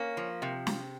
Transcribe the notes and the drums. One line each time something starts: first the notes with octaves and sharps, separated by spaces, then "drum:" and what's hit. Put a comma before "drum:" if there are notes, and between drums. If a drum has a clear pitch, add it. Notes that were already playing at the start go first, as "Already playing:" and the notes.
Already playing: A#3 C#4
F3
C3
drum: snare